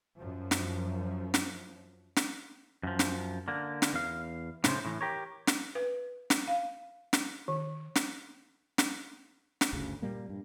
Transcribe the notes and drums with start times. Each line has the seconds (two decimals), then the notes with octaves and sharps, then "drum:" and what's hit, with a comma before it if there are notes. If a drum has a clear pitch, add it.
0.17 F#2 F3
0.51 drum: snare
1.34 drum: snare
2.16 drum: snare
2.83 F#2 F3
2.99 drum: snare
3.48 D3 A#3
3.82 drum: snare
3.93 E2 F5
4.64 A2 C#3 C5, drum: snare
4.85 A2 E3
5.01 G4 A#4 C#5
5.47 drum: snare
5.75 B4
6.30 drum: snare
6.48 F5
7.13 drum: snare
7.48 D#3
7.95 drum: snare
8.78 drum: snare
9.61 drum: snare
9.73 G1 D2 C#3
10.02 A#2 G3 A#3
10.29 G2